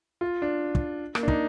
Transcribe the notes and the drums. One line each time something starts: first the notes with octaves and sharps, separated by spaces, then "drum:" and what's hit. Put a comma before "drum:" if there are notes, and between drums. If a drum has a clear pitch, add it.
F4
D4
drum: kick
A#3, drum: rim click
D4
D#4, drum: kick